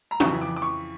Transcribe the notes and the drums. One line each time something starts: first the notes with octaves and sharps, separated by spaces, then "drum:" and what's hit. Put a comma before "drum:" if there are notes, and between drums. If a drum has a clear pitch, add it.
A#5
F2 C#3 E3 C#6, drum: tom
D6
D6
C#6